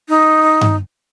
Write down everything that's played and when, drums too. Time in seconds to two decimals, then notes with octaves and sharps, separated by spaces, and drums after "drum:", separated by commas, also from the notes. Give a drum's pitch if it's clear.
0.09 D#4
0.61 drum: tom G2